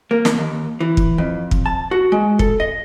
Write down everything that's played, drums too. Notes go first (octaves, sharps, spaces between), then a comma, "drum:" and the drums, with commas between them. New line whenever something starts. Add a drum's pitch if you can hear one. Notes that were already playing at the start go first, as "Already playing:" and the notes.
A#3
drum: snare
D#2
E3
drum: kick
F2
drum: kick
A5
F#4
G#3
A4, drum: kick
D#5